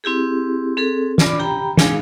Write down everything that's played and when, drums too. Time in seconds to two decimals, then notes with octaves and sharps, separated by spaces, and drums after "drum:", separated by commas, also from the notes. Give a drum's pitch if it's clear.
0.04 C4 E4 G4 G#4
0.77 C4 G#4 A4
1.18 F4 D5 B5 D6, drum: snare
1.39 G4 G5 A#5 B5
1.77 G#3 D4 D#4 G#4 F5, drum: snare